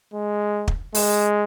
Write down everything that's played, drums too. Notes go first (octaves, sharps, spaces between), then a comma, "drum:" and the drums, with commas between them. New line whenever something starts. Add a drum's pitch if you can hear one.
G#3
drum: kick
G#3, drum: open hi-hat